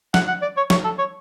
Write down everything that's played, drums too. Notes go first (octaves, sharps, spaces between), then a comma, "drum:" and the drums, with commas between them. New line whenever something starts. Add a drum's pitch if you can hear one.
F#5, drum: snare
F#5
D5
C#5
C#5, drum: snare
A4
C#5